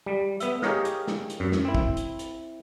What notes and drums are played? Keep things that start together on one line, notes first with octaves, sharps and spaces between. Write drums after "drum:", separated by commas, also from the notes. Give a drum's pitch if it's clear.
G3
B3 E5, drum: hi-hat
G4 G#4 A#4 C#5 D#5 F5, drum: snare
drum: hi-hat
drum: snare
drum: hi-hat
F#2
drum: snare
C4 E4
drum: kick
drum: hi-hat
drum: hi-hat